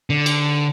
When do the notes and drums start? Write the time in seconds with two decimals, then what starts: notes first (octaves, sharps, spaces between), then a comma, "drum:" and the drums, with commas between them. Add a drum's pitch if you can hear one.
0.10 D3
0.26 drum: cymbal